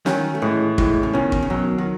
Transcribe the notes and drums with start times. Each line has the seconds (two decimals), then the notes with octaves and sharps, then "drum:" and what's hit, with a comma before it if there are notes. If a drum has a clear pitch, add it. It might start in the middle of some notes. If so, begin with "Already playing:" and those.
0.06 D#3 F#3 C#4, drum: snare
0.35 A3
0.42 A2 E3 G#3
0.78 A2 E3 G#3, drum: kick
1.03 C#3
1.13 B2 D#3 C#4
1.32 drum: kick
1.42 C#3
1.50 B2 D#3 F#3
1.78 D#3